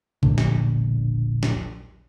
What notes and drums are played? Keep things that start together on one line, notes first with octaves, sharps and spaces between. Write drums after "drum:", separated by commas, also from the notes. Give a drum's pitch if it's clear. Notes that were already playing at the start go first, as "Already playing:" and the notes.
E1 A#1 A#2 D3, drum: kick
drum: snare
drum: snare